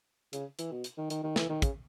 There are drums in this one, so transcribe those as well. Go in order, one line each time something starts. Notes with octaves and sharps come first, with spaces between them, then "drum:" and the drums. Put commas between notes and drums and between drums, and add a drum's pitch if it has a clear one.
C#3, drum: hi-hat
E3, drum: hi-hat
B2
drum: hi-hat
D#3
D#3, drum: hi-hat
D#3
E3, drum: snare
D#3
C#3, drum: kick, hi-hat